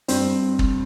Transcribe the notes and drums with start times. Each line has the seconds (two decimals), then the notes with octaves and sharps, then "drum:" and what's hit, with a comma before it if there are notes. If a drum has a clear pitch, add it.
0.08 G2 C4, drum: hi-hat
0.59 drum: kick